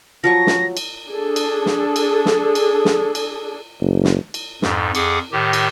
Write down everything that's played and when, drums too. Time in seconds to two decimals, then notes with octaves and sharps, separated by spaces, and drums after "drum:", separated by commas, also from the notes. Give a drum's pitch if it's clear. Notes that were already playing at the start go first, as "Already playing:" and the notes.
0.24 F3 F#3 C#6 A#6
0.47 drum: snare
0.77 drum: cymbal
1.06 D4 G#4 A4
1.36 drum: cymbal
1.66 drum: snare
1.96 drum: cymbal
2.26 drum: snare
2.55 drum: cymbal
2.85 drum: snare
3.15 drum: cymbal
3.81 F#1
4.04 drum: snare
4.34 drum: cymbal
4.62 F2 G#2, drum: snare
4.95 F2 G#4 F#5 D6, drum: cymbal
5.32 A2 D#3 G4
5.53 drum: cymbal